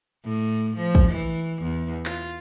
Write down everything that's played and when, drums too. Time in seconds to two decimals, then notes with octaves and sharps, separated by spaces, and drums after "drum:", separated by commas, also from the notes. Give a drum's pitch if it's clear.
0.25 A2
0.77 F3
0.95 drum: kick
1.11 E3
1.63 E2
2.06 F4, drum: clap